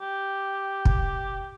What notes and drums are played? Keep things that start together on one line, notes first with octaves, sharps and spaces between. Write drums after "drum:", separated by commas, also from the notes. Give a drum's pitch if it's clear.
G4
drum: kick